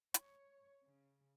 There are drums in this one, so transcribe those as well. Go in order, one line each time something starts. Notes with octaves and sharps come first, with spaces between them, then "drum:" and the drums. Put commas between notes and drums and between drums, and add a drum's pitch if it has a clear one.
C#5, drum: hi-hat
C#3